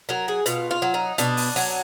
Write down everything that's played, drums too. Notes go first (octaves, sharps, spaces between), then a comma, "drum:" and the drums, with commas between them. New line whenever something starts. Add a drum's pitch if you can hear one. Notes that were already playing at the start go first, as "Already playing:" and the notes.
F#3 A#4
G#4
B2 F4, drum: hi-hat
F4
F#3
D#4
B2 D4, drum: hi-hat
drum: open hi-hat
F#3, drum: open hi-hat